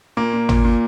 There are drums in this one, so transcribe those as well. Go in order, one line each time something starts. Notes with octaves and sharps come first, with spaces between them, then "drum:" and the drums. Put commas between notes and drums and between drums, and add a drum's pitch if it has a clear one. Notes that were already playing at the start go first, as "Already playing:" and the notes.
A#2 A#3
A#2
A#2, drum: tom G#1
A#2